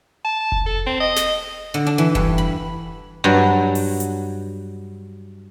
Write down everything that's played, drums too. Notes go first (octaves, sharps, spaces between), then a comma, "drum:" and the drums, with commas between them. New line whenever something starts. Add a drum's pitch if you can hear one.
A5
drum: kick F1
A4
C4
D#5
drum: snare
D3
D4
E3
G2, drum: kick F1
B5
G2 F#3
drum: open hi-hat
drum: hi-hat